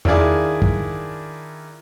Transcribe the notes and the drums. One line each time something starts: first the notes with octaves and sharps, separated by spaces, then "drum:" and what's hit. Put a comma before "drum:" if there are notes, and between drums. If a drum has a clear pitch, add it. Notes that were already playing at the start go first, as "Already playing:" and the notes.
D#3 D4 E4 F4 G#4 D5, drum: tom E2
drum: kick